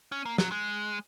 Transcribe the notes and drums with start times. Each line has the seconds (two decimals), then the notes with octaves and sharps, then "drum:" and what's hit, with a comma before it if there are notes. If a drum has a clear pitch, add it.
0.12 C#4
0.26 A#3
0.38 F#3, drum: snare
0.52 G#3